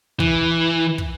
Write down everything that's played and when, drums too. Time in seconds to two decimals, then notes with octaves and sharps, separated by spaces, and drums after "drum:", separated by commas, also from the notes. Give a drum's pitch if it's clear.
0.20 E3, drum: kick
0.98 drum: kick